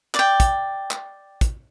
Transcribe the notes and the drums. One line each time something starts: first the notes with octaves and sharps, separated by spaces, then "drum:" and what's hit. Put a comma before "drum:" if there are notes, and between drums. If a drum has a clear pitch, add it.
D5 G5, drum: clap
drum: kick, hi-hat
drum: clap
drum: kick, hi-hat